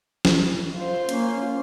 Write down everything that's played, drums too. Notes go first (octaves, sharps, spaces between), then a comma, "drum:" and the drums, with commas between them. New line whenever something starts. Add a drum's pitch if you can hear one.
drum: snare
F4 C5
A#3 C#4, drum: hi-hat